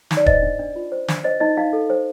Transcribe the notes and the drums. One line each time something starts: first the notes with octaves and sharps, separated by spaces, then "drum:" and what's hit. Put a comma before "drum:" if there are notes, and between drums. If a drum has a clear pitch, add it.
D#4, drum: snare
D5
C5 D#5, drum: kick D#1
D4
D4
F4
C5
D4, drum: snare
C5 D#5
D#4 D#5
D#4 F5
A4
C5